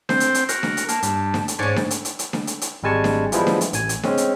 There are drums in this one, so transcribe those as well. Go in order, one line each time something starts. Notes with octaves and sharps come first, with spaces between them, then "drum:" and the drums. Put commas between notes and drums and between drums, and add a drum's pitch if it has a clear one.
C4 C5, drum: snare D4
drum: hi-hat
drum: hi-hat
F#4 A#4, drum: hi-hat
drum: snare D4
drum: hi-hat
A#3 A5, drum: hi-hat
G2, drum: hi-hat
drum: snare D4
drum: hi-hat
G#2 C#4 C#5 D5
drum: snare D4
drum: hi-hat
drum: hi-hat
drum: hi-hat
drum: snare D4
drum: hi-hat
drum: hi-hat
G#1 G3 G#3 G#5 A5 C#6
drum: snare D4
E3 F3 G3 G#3 B3 E4, drum: hi-hat
drum: snare D4
drum: hi-hat
A1 G#5, drum: hi-hat
drum: hi-hat
G#3 C4 C#4, drum: snare D4
drum: hi-hat